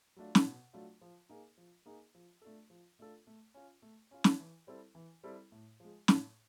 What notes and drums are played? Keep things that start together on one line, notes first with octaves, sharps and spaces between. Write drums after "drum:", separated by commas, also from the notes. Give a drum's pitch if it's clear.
F#3 A3 D4 F4
drum: snare
B2
F#3 A3 D4 F4
F3
A#3 D#4 G#4
F3
A#3 D#4 G#4
F3
A3 D4 F4 A4
F3
A3 D4 F4 A4
A3
C#4 F4
A3
C#4 F4
drum: snare
E3
G3 C4 E4 A4
E3
G3 C4 E4 A4
A2
F3 G#3
A2, drum: snare